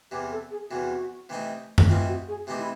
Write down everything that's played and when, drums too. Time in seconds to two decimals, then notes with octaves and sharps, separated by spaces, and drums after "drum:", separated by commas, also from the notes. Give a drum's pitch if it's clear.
0.11 E2 C3 E3 G4
0.31 A4
0.50 G#4
0.70 E2 C3 E3 F#4
1.29 C3 E3 A3 C4 D#4
1.78 drum: tom F#2
1.88 C3 E3 A3 C4 D#4 F4
2.07 F#4
2.28 G#4
2.47 C3 E3 A3 C4 D#4 G4
2.59 E4